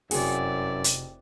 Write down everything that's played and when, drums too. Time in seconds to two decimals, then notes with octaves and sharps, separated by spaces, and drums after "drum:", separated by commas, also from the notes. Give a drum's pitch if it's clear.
0.11 F1 F#2 C4 E4 F#4 G#4 D5, drum: open hi-hat
0.84 drum: hi-hat